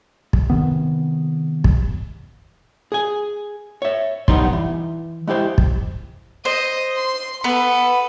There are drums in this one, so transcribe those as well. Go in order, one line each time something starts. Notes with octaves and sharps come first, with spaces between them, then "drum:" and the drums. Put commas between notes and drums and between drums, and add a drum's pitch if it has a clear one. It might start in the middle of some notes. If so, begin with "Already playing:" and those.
drum: kick
C3 D#3 B3
drum: kick
G#4 G#5
C#5 E5
B1 G3 B3 D#4 C6, drum: kick
E3
G#3 E4 G4 C5
drum: kick
C5 D#5
C6
B3 A4 B4